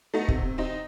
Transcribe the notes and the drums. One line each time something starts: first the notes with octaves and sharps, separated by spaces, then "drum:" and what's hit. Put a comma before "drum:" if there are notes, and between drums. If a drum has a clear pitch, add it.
A3 B3 D#4
C3, drum: kick
C4 D#4 D#5